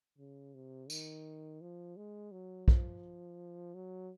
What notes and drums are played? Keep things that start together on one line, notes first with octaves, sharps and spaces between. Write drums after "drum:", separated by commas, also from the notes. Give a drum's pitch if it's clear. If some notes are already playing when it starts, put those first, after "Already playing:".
C#3
C3
D#3, drum: tambourine
F3
G#3
F#3
F3, drum: kick
F#3